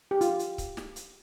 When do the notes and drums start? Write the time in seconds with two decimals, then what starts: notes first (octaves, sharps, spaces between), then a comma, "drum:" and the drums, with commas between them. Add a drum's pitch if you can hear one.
0.11 G4
0.21 F4, drum: hi-hat
0.39 drum: hi-hat
0.58 drum: kick C#1, hi-hat
0.77 drum: snare
0.96 drum: hi-hat